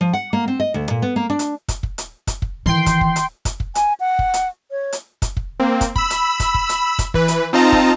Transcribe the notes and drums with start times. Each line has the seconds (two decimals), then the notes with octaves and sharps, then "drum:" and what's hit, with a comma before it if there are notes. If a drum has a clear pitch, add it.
0.01 F3
0.13 F#5
0.33 A#3
0.48 C4
0.60 D#5
0.74 D2
0.90 A#2
1.02 B3
1.16 A#3
1.30 D4
1.39 drum: hi-hat
1.69 drum: kick, hi-hat
1.83 drum: kick
1.98 drum: hi-hat
2.27 drum: kick, hi-hat
2.42 drum: kick
2.66 D#3 E3 G5 C6
2.86 drum: kick, hi-hat
3.01 drum: kick
3.16 drum: hi-hat
3.45 drum: kick, hi-hat
3.60 drum: kick
3.75 G#5, drum: hi-hat
4.00 F#5
4.19 drum: kick
4.34 drum: hi-hat
4.71 C#5
4.92 drum: hi-hat
5.22 drum: kick, hi-hat
5.37 drum: kick
5.60 A#3 C4
5.81 drum: kick, hi-hat
5.96 B5 E6, drum: kick
6.10 drum: hi-hat
6.40 drum: kick, hi-hat
6.54 drum: kick
6.69 drum: hi-hat
6.99 drum: kick, hi-hat
7.14 E3 B4, drum: kick
7.28 drum: hi-hat
7.53 C4 D#4 F4 D#5 A5 A#5
7.72 drum: kick